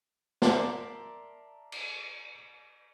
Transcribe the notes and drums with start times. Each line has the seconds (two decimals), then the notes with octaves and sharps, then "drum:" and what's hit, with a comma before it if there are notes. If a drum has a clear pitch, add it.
0.42 A#4 D5 E5 A5 C6 D6, drum: snare
1.72 drum: cymbal